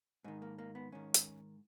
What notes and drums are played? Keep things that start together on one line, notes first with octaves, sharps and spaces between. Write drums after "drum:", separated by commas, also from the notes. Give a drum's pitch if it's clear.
G#2 D#3 D#4
A#3
A#3
B3
G#2 D#3 C#4
drum: hi-hat